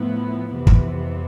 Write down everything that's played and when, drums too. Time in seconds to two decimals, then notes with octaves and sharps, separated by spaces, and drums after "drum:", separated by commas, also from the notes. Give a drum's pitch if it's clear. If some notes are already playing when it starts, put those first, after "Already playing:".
Already playing: A2 F3 B3 E4
0.53 F2 C3 E3 B3
0.67 drum: kick